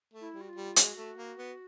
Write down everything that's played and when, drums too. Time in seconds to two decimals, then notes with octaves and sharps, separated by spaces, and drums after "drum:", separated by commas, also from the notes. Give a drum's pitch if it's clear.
0.14 A3
0.21 E4
0.34 G3
0.41 F#4
0.48 F4
0.56 G3
0.76 G#3 F#4, drum: hi-hat
0.97 A3
1.18 A#3
1.38 B3